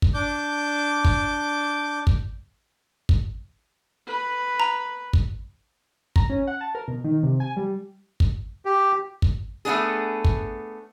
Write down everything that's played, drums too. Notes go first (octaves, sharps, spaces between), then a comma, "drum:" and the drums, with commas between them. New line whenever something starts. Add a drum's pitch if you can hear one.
drum: kick
D4 D6 G6
drum: kick
drum: kick
drum: kick
B4
A#5
drum: kick
A#5, drum: kick
C#4
F#5
A5
A#4
B2
D#3
C3
G#5
G3
drum: kick
G4
drum: kick
A3 B3 D4 G#4
drum: kick